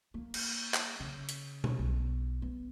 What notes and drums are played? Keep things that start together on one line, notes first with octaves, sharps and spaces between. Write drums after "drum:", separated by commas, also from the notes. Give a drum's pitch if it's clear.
A#3
drum: cymbal
drum: clap
C#3
drum: hi-hat
drum: tom B2
B1
B3